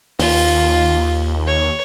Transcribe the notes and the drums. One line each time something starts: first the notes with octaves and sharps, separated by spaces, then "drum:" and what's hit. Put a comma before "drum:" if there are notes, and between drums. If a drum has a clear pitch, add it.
D#2 F4, drum: open hi-hat
C#5